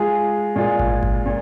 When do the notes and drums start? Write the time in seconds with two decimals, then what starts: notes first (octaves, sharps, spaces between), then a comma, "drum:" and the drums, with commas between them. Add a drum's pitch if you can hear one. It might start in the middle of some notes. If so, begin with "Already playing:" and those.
Already playing: G#3 F4 G#4
0.56 A#2 G#3 F4 G#4
0.79 drum: kick G#1
1.03 drum: kick G#1
1.26 A#2